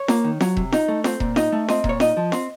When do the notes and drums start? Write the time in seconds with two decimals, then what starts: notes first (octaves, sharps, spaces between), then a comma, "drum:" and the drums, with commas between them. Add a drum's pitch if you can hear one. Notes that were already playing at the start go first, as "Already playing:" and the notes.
Already playing: C#5
0.08 A#3, drum: snare
0.24 D#3
0.41 F#3, drum: snare
0.57 C3, drum: kick E1
0.72 D#4, drum: snare
0.88 A3
1.04 C4, drum: snare
1.20 A#2, drum: kick E1
1.36 D#4 D#5, drum: snare
1.52 A3
1.68 C4 D#5, drum: snare
1.84 A#2, drum: kick E1
1.89 C#5
2.00 D#4 D#5, drum: snare
2.17 F3
2.32 C4, drum: snare